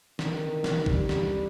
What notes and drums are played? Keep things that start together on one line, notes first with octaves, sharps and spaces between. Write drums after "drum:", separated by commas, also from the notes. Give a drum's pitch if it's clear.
D#3, drum: snare
drum: snare
G3, drum: kick
drum: snare